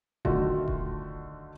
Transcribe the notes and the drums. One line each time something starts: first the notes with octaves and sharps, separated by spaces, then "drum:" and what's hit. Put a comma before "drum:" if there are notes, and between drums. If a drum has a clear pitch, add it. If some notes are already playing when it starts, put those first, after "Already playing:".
D3 D#3 F#3 A3 F4 F#4, drum: kick D#1
drum: kick D#1